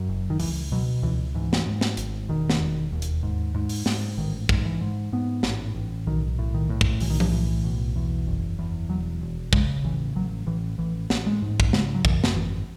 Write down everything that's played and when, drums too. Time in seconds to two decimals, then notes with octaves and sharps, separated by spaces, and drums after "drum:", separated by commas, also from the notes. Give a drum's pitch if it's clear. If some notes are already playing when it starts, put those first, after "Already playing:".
Already playing: F#2
0.09 F#1
0.30 D#3
0.40 C#2 E3, drum: open hi-hat
0.72 B2 F#3
1.03 C#2 E3
1.35 G#2 E3
1.53 drum: snare
1.66 G#2
1.81 drum: snare
1.97 G#1, drum: hi-hat
2.29 E1 D#3
2.50 drum: snare
2.61 E1
2.92 D#2
3.02 drum: hi-hat
3.23 G#2
3.54 G#2
3.69 drum: open hi-hat
3.86 G#2, drum: snare
4.18 A1 D#3
4.49 G#2, drum: kick
4.65 E3
4.81 G#2
5.13 G#2 B3
5.43 A1, drum: snare
5.75 A1
6.06 B1 D#3
6.39 A2
6.54 D#3
6.69 A2
6.81 drum: kick
7.00 B1 E3, drum: open hi-hat
7.10 D#3
7.20 E3, drum: tom F3
7.32 A2
7.64 B1
7.96 E2
8.27 F#1
8.59 E2
8.89 E1 F#3
9.21 E1
9.53 C#3 G#3, drum: kick
9.84 A1 E3
10.16 A1 F#3
10.47 A1 E3
10.78 A1 E3
11.10 A1, drum: snare
11.26 G#3
11.42 G#2
11.60 drum: kick
11.73 C#3 G#3, drum: snare
11.95 F#3
12.05 F#2 E3, drum: kick
12.24 drum: snare
12.36 G#1 E3